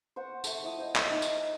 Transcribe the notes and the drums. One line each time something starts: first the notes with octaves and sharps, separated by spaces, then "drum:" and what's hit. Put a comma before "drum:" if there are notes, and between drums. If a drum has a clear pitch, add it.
C5 F#5 C#6
A3 A4, drum: tambourine
F3 E4 D#6
C5 D#5
drum: clap
D#4
drum: tambourine
D#5